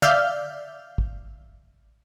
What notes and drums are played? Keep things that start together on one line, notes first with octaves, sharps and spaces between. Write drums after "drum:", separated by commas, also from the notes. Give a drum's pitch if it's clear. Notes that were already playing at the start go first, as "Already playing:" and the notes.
D5 E5 F5 F6 G6, drum: tom
drum: kick